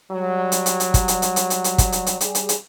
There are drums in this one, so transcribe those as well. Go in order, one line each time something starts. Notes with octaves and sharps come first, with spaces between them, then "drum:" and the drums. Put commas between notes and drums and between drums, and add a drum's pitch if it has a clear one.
F#3 G3
drum: hi-hat
drum: hi-hat
drum: hi-hat
drum: kick, hi-hat
drum: hi-hat
drum: hi-hat
drum: hi-hat
drum: hi-hat
drum: hi-hat
drum: kick, hi-hat
drum: hi-hat
drum: hi-hat
G3 G#4, drum: hi-hat
drum: hi-hat
drum: hi-hat